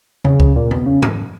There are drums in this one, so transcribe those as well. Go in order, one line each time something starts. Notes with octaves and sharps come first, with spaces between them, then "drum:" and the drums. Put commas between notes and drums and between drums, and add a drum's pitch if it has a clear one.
C#3, drum: tom E2
drum: kick C#2
A#2
B2, drum: tom E2
C#3
drum: tom